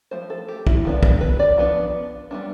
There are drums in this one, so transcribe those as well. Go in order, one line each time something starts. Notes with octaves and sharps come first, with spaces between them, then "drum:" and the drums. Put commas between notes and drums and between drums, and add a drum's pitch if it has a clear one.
F3 A3 C5
A4
G4
E4, drum: kick
F3 B3 D4
G4, drum: kick
B4
D5
F3 B3 D4
G3 B3 D4